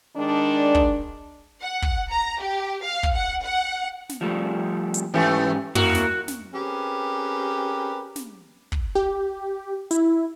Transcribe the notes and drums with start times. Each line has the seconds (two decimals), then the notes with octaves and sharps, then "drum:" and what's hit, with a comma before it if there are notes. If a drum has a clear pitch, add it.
0.17 D#3 G#3 D4
0.75 drum: kick
1.63 F#5
1.82 drum: kick
2.10 A#5
2.41 G4
2.84 F5
3.03 drum: kick
3.14 F#5
3.44 F#5
4.09 drum: snare
4.21 F3 G3 A3
4.94 drum: hi-hat
5.14 G#2 E3 A3 C#4 G4
5.75 A#3 E4 F#4 A#4, drum: tom
5.95 drum: snare
6.28 drum: snare
6.54 C4 C#4 G4 G#4 A#4 B4
8.16 drum: snare
8.72 drum: kick
8.95 G4
9.91 E4, drum: hi-hat